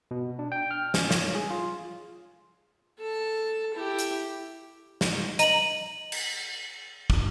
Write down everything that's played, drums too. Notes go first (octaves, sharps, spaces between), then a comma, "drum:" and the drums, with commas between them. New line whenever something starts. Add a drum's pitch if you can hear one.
B2
D4
G5
F6
C#4, drum: snare
C#5, drum: snare
G#4
F4
A4 A5
E4 G4
drum: hi-hat
drum: snare
D#5 A#5 D#7 F#7, drum: hi-hat
drum: cymbal
drum: kick